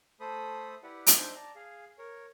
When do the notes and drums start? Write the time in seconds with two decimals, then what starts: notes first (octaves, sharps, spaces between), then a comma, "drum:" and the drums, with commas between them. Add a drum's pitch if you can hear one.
0.20 A3 A4 C5 B5 D#6
0.83 E4 G4 B4 D5 F#5
1.07 drum: hi-hat
1.17 D4 D#4 C5 E5 G5
1.35 D5 A5 A#5
1.55 G#4 F5
1.98 A#4 C#5